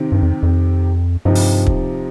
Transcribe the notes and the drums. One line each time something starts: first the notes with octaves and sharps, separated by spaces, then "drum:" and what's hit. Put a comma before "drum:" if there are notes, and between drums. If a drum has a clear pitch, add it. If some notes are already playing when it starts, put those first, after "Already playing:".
Already playing: C3 D#3 C4 G4
G2
F2
F2
G2 C3 F3 D#4 G4
drum: open hi-hat
drum: kick